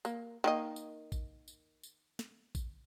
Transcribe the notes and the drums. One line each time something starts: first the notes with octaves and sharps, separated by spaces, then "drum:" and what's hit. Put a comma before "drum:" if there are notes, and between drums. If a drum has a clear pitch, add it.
A#3, drum: tambourine
D#3 A#3 D#5
drum: tambourine
drum: kick A1, tambourine
drum: tambourine
drum: tambourine
drum: snare
drum: kick A1, tambourine